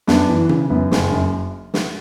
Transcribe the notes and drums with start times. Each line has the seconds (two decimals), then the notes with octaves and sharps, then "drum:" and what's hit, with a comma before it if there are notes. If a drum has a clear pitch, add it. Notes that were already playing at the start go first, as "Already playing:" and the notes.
0.07 F#2 B3 D4, drum: snare
0.28 E3
0.49 C#3, drum: tom B2
0.70 F#2 B3
0.91 F#1, drum: snare
1.11 F#2
1.74 drum: snare